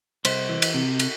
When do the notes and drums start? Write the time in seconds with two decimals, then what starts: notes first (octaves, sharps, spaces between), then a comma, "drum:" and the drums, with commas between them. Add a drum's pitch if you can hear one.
0.25 C2 C5, drum: cymbal
0.49 E3
0.62 drum: cymbal
0.74 C3
0.99 drum: cymbal